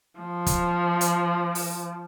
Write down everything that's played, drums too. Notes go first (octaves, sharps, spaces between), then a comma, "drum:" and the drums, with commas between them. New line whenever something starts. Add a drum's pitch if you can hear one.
F3
drum: kick, hi-hat
drum: hi-hat
drum: open hi-hat